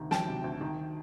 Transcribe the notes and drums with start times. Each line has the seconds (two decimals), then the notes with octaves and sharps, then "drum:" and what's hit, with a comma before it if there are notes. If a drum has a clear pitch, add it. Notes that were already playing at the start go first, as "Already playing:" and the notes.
Already playing: D2 C3 D#3
0.11 F#3 G5 A5, drum: snare
0.28 C3
0.44 D2
0.61 D#3